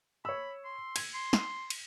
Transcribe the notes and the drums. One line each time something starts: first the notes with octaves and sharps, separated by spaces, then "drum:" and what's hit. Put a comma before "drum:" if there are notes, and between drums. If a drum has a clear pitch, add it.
C#5 B5 E6
C6
G#6, drum: cymbal
C6
drum: snare
drum: cymbal